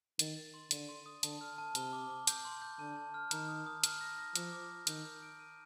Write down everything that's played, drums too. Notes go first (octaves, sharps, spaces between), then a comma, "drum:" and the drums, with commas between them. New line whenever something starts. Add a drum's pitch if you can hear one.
D#3 A6, drum: hi-hat
A6
C6
D3 D#7, drum: hi-hat
C6
D#6
D3 A5, drum: hi-hat
F6
A5
C3 G7, drum: hi-hat
D6
D6
G6, drum: hi-hat
C6
G6
D3 A5
A5
F6
D#3 A#5, drum: hi-hat
D#6
D#6
F6, drum: hi-hat
A#6
A#6
F3 D6, drum: hi-hat
D6
D6
D#3 G6, drum: hi-hat
G6
D7
D#7